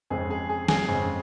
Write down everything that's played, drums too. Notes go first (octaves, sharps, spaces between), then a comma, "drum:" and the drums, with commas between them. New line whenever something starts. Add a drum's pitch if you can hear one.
F2 C#3 G#3 C4 G#4
G#4
G#4
G#4, drum: snare
F2 C#3 G#3 C4